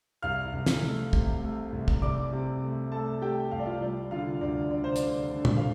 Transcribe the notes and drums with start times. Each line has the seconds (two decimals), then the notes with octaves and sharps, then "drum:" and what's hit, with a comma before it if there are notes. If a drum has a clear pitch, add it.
0.22 C2 F5 F6
0.53 C2
0.66 drum: snare
0.83 A3
1.13 C3, drum: kick
1.42 A3
1.72 C2
1.88 drum: kick
2.02 C2 D5 D6
2.32 C3
2.62 A3
2.92 A3 A4 A5
3.22 A3 G4 G5
3.51 C2 F5
3.59 D5
3.66 F4 F5
3.81 G3 D5
4.11 D3 F4 F5
4.41 D2 D5
4.71 D3 D5
4.84 C5
4.96 D5, drum: hi-hat
5.01 D3
5.31 D3
5.45 drum: tom
5.57 F5